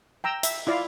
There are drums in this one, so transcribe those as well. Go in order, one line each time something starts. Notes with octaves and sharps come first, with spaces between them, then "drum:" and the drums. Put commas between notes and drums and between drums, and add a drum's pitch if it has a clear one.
G5 A#5 E6
E5, drum: hi-hat
E4 F4 D5 F5